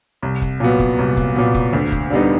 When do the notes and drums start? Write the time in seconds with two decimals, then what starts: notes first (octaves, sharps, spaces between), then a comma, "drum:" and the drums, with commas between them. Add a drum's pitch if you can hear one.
0.22 C2
0.42 drum: kick, hi-hat
0.60 A#2 F#3 B3
0.79 drum: kick, hi-hat
0.99 C2
1.17 drum: kick, hi-hat
1.36 A#2 F#3 B3
1.55 drum: kick, hi-hat
1.73 D2
1.92 drum: kick, hi-hat
2.10 D3 G3 B3 D#4